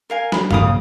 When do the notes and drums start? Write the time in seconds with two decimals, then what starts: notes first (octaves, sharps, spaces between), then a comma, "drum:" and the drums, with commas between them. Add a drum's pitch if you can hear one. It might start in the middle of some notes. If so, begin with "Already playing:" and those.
0.10 A#4 F5 G#5
0.32 B5, drum: snare
0.51 A#1 A#2 C#3 F5 D#6, drum: tom G2